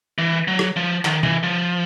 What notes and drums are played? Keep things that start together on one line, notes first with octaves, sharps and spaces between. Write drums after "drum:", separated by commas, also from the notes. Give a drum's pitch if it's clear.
E3
F#3
drum: rim click
F3
D#3, drum: clap
E3, drum: tom C3
F3